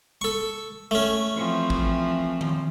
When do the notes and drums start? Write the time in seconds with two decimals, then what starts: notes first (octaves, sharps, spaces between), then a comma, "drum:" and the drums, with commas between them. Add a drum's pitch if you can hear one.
0.21 A4 C#6
0.91 A3 C#4
1.35 E3 F3 C4
1.70 drum: kick A1
2.41 drum: tom D#3